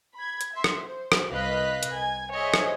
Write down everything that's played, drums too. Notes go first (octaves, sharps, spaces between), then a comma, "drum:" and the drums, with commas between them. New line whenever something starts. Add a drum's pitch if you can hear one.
B5 G#6
drum: hi-hat
E5 C6
drum: rim click
C5
drum: rim click
C2 B4 D#5 F5 F#6 B6
drum: hi-hat
G#5
G#4 C5 C#5 D#5 E5
drum: rim click